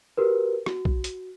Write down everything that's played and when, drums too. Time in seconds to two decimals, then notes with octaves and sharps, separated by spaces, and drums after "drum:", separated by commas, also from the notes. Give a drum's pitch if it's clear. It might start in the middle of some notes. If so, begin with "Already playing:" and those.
0.17 F#4 G4 A#4 B4
0.66 F#4, drum: rim click
0.85 drum: kick B1
1.04 drum: hi-hat